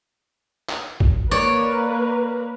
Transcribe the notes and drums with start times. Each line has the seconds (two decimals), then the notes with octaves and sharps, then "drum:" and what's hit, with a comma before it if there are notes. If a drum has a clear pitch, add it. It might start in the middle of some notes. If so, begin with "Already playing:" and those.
0.69 drum: clap
1.00 drum: kick
1.31 A#3 A#4 B4 C#5 D5